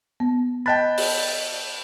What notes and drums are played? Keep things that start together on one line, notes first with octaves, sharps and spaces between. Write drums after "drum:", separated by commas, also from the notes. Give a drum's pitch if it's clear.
B3
D#5 G5 A5 B5 F#6 A6
drum: open hi-hat